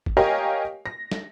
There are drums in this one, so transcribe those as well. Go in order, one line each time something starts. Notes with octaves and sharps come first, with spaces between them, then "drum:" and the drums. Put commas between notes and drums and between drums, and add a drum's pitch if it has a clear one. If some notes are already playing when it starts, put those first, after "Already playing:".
drum: kick G1
G4 A#4 C#5 D#5 F5 G#5
A#6
drum: snare